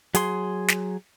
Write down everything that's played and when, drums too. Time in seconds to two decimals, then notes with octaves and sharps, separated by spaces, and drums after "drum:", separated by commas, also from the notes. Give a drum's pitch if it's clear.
0.15 F#3 G#4 C6, drum: hi-hat
0.68 drum: snare